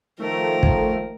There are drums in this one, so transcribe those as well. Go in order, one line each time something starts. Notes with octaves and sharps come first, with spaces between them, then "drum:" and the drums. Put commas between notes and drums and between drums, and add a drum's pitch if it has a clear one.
D#3 F3 A3 A#4
drum: kick